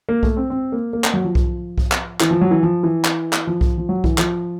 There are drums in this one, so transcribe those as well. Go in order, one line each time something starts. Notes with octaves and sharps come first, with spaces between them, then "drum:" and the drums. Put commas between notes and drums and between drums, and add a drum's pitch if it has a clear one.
A#3
A3, drum: kick B1
C4
C4
A#3
A#3
A#3, drum: clap
F#3
F3
drum: kick B1
drum: kick B1
drum: clap
E3, drum: clap
F3
F#3
E3
F3
E3
drum: clap
drum: clap
F3
drum: kick B1
F3
F#3
E3, drum: kick B1
F3, drum: clap